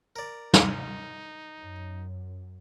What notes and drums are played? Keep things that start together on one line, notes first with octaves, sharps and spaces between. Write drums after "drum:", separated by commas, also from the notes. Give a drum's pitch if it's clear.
A#4 D5
D#4, drum: snare
F#2